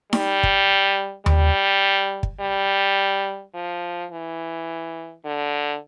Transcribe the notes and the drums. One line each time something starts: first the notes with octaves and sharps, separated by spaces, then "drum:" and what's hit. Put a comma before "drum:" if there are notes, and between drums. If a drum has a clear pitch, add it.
G3, drum: snare D#4
drum: kick
G3, drum: tom D#2
drum: kick
G3
F3
E3
D3